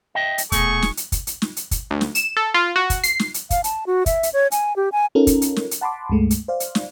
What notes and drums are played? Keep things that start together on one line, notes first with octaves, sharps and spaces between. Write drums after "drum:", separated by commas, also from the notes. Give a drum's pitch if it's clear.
D#5 E5 G5
drum: hi-hat
D#1 B2 A3 G#4 C#6, drum: kick, hi-hat
drum: snare
drum: hi-hat
drum: kick, hi-hat
drum: hi-hat
drum: snare
drum: hi-hat
drum: kick, hi-hat
D2
drum: snare
E7, drum: hi-hat
A4
F4
F#4
drum: kick, hi-hat
C7, drum: hi-hat
drum: snare
drum: hi-hat
F5, drum: kick, hi-hat
A5, drum: hi-hat
F#4
E5, drum: kick, hi-hat
drum: hi-hat
C#5
G#5, drum: hi-hat
G4
G#5
C#4 D#4 F4 A4 A#4
drum: kick, hi-hat
drum: hi-hat
drum: snare
drum: hi-hat
F#5 A5 B5 C6 D6
C#2 G2 G#3 A3
drum: hi-hat
C5 D5 F5
drum: hi-hat
drum: snare